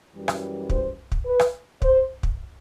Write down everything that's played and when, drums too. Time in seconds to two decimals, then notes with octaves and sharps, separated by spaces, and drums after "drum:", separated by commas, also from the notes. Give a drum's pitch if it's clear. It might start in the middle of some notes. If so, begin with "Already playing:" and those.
0.14 F#2 E3 G3
0.28 drum: rim click
0.70 C5, drum: kick
1.12 drum: kick
1.26 B4
1.39 drum: rim click
1.82 C5, drum: kick
2.23 drum: kick